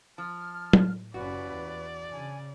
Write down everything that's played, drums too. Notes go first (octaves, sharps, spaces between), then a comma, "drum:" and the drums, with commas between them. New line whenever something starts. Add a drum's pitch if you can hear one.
F3 A5 F6
A2, drum: tom
F#1 D#2 A2 C#4 F#4 B4 D5
E2
C#3 D4 G#5